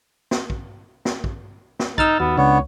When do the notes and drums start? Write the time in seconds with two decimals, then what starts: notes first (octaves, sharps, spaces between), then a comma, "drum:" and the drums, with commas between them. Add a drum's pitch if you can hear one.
0.31 drum: snare
0.50 drum: kick
1.05 drum: snare
1.24 drum: kick
1.79 drum: snare
1.98 D#4 E6 F6 A6, drum: kick
2.20 D#2 B3 F#4
2.37 C#2 C#3 B3 D4 C#5